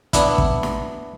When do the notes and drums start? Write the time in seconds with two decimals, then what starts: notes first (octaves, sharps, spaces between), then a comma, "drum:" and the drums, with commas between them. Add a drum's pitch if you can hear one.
0.13 B3 D4 E4, drum: kick, hi-hat
0.38 drum: kick
0.63 drum: snare